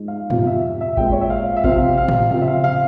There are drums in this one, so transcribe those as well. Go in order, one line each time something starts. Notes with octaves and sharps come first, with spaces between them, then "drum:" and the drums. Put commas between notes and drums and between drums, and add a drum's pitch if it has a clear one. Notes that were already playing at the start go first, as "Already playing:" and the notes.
Already playing: G#2 F3 G#3
F5
F2 C3 F3 F5, drum: tom G#2
E5
E5
A#2 G#3 C4 G5, drum: kick G#1
C#5
E5
F5
E5
C3 F3 C4 F5, drum: kick G#1
F5
drum: tom A2
C#3 F3 C4 F5
E5
F5
F5